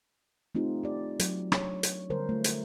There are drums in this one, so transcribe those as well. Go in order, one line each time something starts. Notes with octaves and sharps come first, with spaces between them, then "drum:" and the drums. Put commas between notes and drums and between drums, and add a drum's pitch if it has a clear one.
A3 C4 D#4 F4 G4
G4 D5
F#3, drum: hi-hat
D4 C#5, drum: rim click
drum: hi-hat
D3 G3 A#4 C5
A3 F4
drum: hi-hat